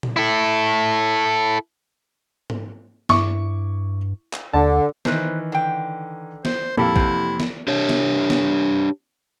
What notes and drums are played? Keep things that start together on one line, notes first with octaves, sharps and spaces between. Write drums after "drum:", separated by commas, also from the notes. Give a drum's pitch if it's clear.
drum: tom A#2
E4 A4
drum: tom G#2
G2 E4 C#6 D6, drum: snare
drum: clap
D#2 D3 A5
D#3 E3 B4 C5, drum: snare
D3 G5
C5, drum: snare
F2 A#3 E4 G4 A4 F5 B5, drum: tom A#2
E2 C3, drum: kick
drum: snare
D4 G4 C#5
drum: snare
drum: snare